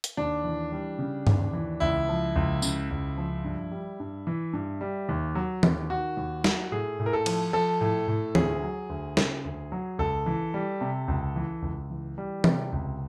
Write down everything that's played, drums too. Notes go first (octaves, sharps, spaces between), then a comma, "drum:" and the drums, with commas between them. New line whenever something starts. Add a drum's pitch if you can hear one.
drum: hi-hat
D#2 D4
E3
G3
C#3
D#2, drum: tom G2
E3
C#2 E4
F3
C#2
C#3, drum: tambourine
C#2
F3
G2
G3
G2
E3
G2
G3
D#2
F#3
D#2, drum: tom E3
D#3 F#4
D#2
F#3, drum: snare
A2 G#4
A2
A#4
A4
F3, drum: cymbal
F3 A4
A2
A2
D2 G#4, drum: tom E3
F#3
D2
C#3, drum: snare
D2
F#3
C#2 A4
E3
G3
C3
C#2
E3
C#2
E3
G3
C3, drum: tom E3
C#2